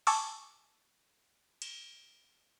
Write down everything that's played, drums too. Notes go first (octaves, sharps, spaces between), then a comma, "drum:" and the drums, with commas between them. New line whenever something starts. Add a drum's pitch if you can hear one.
G#5 A5 C#6 D6 E6, drum: open hi-hat
drum: cymbal